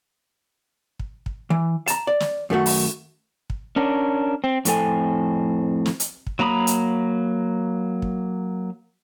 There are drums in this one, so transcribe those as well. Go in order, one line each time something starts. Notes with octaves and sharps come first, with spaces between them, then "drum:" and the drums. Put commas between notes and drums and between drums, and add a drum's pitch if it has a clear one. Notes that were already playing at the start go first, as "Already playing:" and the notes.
drum: kick
drum: kick
E3
A5 A#5, drum: hi-hat
D5
drum: snare
F#2 D#3 A3 F#4
drum: open hi-hat
drum: kick
C#4 D4 A#4
C4
F2 A2 C4 A4 G#5, drum: hi-hat
drum: snare
drum: hi-hat
drum: kick
F#3 A#3 A#5 B5 D#6
drum: hi-hat
drum: kick